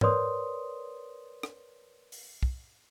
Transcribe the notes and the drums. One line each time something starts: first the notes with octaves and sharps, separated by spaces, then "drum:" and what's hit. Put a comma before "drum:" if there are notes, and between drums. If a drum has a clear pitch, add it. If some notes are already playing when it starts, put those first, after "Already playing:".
A#4 B4 C#5 D5 C6 D#6, drum: tom G#2
drum: rim click
drum: open hi-hat
drum: kick